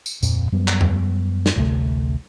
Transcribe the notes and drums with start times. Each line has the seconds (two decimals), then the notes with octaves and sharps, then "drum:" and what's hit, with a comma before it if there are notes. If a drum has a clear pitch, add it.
0.06 drum: tambourine
0.23 D1 F2 A#2, drum: tambourine
0.52 F#2 F3 G3 B3
0.68 drum: clap
0.81 drum: tom E2
1.46 drum: snare
1.56 A1 D2 C3 A3